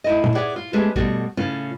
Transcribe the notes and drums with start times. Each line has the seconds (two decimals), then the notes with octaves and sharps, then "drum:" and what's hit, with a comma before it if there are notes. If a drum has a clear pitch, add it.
0.04 A2 E4 D#5
0.24 drum: tom
0.35 G#4 C#5 D5 E5 F#5
0.56 F4
0.73 G#3 A3 B3 C#4 G4 G#4
0.96 B2 G3 A3 F#4, drum: kick
1.37 A2 C#3 C#4 F4